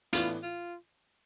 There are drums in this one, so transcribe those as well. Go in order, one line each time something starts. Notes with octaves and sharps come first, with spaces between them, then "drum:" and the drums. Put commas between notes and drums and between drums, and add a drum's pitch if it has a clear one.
A2 E3 B3 D4 F4, drum: hi-hat
F4